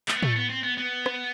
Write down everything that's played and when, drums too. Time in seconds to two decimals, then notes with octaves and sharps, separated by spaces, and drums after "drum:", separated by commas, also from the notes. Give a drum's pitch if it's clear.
0.08 A3, drum: clap
0.16 B3
0.23 A3, drum: tom A2
0.36 B3
0.50 C4
0.63 B3
0.78 B3
1.06 drum: rim click